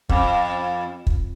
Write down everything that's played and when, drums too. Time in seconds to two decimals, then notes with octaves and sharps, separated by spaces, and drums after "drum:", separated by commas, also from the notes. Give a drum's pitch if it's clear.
0.09 F2, drum: kick
1.07 drum: kick